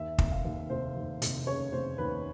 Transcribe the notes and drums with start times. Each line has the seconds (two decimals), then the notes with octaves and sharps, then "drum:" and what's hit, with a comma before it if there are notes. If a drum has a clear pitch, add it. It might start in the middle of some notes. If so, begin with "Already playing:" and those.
Already playing: D#2 E5
0.18 F1, drum: kick
0.31 F5
0.45 D#2
0.70 F1 C5
0.96 D#2
1.22 F1, drum: hi-hat
1.47 C#3 C#5
1.72 F1 C5
1.98 D#2 B4